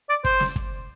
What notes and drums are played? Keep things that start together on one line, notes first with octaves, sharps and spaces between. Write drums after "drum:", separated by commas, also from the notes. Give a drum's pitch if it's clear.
D5
C5, drum: kick
drum: snare
drum: kick